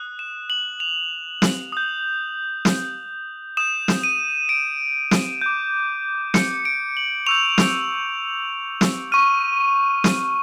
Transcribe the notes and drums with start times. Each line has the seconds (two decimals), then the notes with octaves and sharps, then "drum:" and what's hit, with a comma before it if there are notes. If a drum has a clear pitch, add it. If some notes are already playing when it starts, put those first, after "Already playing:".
Already playing: D#6 F#6
0.19 E7
0.50 F#7
0.80 F7
1.42 drum: snare
1.72 D#6 G6
2.65 drum: snare
3.57 D#6 G6 E7
3.88 drum: snare
4.04 D#7
4.49 D7
5.11 drum: snare
5.42 D6 G6
6.34 C#7, drum: snare
6.65 D7
6.97 F#7
7.27 C#6 E6 G6 F7
7.58 drum: snare
8.81 drum: snare
9.12 C#6 F6 D#7
10.04 drum: snare